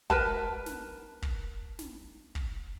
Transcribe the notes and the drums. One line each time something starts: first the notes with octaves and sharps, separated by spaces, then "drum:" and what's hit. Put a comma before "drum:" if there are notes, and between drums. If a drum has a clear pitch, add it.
A#4 B4 A5, drum: kick
drum: snare
drum: kick
drum: snare
drum: kick